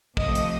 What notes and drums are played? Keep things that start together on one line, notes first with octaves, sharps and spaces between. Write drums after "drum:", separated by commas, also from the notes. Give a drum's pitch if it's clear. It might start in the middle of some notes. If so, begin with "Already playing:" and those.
C3 F3 A3 D#5, drum: kick
drum: hi-hat